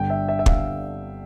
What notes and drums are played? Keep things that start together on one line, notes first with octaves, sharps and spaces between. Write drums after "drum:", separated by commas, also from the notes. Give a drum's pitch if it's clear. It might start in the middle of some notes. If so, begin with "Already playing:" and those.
Already playing: G1 G2 D3 G5
E5
E5
E5
G1 G2 D3 F5, drum: kick